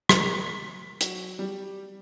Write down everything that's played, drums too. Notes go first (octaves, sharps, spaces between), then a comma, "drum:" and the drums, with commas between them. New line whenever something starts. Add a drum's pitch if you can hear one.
A#4, drum: rim click
B6
F#3, drum: hi-hat
G3